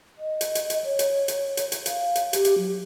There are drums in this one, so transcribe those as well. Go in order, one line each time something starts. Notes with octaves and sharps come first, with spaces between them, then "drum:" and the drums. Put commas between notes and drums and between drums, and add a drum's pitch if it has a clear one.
D#5
drum: hi-hat
drum: hi-hat
drum: hi-hat
C#5
drum: hi-hat
drum: hi-hat
drum: hi-hat
drum: hi-hat
F5, drum: hi-hat
drum: hi-hat
G4, drum: hi-hat
drum: hi-hat
F#3